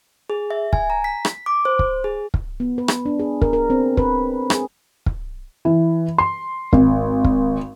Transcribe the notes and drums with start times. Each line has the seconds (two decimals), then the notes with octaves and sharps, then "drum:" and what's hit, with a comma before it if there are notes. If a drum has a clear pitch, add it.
0.30 G#4
0.51 E5
0.73 G#5, drum: kick
0.90 A#5
1.04 B6
1.25 drum: rim click
1.46 D6
1.65 C5
1.79 drum: kick
2.04 G#4
2.34 drum: kick
2.60 B3
2.78 B4
2.88 drum: rim click
3.06 D4
3.19 G#4
3.41 A#4, drum: kick
3.53 A#4
3.70 C4
3.97 B4, drum: kick
4.50 G#4, drum: rim click
5.06 drum: kick
5.65 E3
6.18 C6
6.73 G#1, drum: kick
7.24 drum: kick